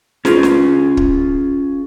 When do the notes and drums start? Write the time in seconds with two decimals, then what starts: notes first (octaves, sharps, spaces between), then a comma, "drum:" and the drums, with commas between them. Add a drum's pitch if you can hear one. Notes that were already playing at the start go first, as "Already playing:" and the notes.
0.25 C#4 F4 G#4, drum: snare
0.43 drum: snare
0.97 drum: kick